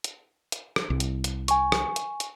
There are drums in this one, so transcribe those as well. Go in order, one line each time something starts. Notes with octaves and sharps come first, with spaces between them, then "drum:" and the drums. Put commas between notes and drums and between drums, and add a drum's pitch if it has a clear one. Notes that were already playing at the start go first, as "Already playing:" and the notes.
drum: hi-hat
drum: hi-hat
drum: rim click
C2
drum: hi-hat
drum: hi-hat
G#5 C#6, drum: hi-hat
drum: rim click
drum: hi-hat
drum: hi-hat